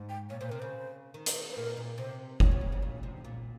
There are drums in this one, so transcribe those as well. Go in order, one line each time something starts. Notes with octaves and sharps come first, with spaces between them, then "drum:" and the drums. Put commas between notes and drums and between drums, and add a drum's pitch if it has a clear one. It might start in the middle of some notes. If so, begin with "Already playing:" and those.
Already playing: G#2
G5
A#2 C#5
A#2 C5
C3 A#4
C#3 C5
D#3
drum: hi-hat
C5
A#2 A#4
A#2
C3 C5
C#5, drum: kick F#1
A#2
C3
C#3
A#2
C3
A#2